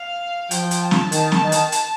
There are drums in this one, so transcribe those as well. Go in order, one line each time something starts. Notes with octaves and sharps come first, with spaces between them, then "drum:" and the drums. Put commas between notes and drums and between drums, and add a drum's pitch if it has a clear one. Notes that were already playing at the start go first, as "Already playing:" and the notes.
Already playing: F5
F3 G5, drum: hi-hat
drum: hi-hat
A5
drum: snare
D#3, drum: hi-hat
drum: snare
D#3
drum: hi-hat
drum: hi-hat